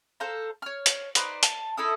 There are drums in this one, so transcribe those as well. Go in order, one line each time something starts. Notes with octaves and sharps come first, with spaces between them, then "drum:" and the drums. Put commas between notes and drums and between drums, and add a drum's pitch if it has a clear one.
A4 C5 F5 A#5
C#5 F6
drum: hi-hat
D#4 B4 C5 D5, drum: hi-hat
A5, drum: hi-hat
D#4 E4 A4 D#6